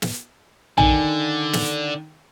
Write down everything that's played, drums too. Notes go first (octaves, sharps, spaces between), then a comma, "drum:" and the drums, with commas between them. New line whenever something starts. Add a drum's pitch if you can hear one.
drum: snare
D3 D#3 G#5, drum: tom A#1
drum: snare